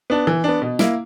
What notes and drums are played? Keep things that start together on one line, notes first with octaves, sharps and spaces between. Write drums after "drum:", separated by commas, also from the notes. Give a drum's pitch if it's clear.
B3 D4
E3
B3 D4
B2
A#3 E4, drum: snare